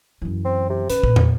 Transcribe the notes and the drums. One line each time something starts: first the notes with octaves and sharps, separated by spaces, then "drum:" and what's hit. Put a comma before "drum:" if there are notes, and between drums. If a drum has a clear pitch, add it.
F#2 E3
C4
C3
C#3 B4, drum: hi-hat
A#2, drum: kick
drum: tom